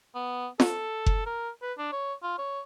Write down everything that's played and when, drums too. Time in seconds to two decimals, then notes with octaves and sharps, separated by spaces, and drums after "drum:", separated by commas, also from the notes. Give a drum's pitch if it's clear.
0.15 B3
0.60 A4, drum: snare
1.06 drum: kick F#1
1.26 A#4
1.62 B4
1.78 D4
1.93 C#5
2.23 F4
2.38 C#5